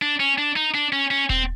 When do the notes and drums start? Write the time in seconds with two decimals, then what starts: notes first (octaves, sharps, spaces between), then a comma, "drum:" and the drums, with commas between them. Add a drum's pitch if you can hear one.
0.02 D4
0.20 C#4
0.38 D4
0.56 D#4
0.74 D4
0.93 C#4
1.11 C#4
1.30 C4, drum: kick D#1